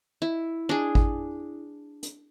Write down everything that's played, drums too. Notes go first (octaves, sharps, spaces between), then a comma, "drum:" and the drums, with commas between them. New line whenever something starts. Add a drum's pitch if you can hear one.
E4
D4 G#4
drum: kick G#1
drum: hi-hat